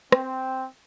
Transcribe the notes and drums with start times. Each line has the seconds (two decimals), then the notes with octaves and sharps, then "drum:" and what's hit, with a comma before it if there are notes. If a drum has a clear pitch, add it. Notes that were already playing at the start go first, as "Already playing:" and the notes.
0.12 C4, drum: rim click